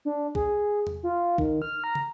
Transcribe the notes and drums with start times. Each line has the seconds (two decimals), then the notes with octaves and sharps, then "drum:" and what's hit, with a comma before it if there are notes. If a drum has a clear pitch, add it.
0.05 D4
0.35 G#4, drum: kick B1
0.87 drum: tom E2
1.03 F4
1.38 D#3, drum: kick B1
1.62 F6
1.84 A#5
1.95 drum: tom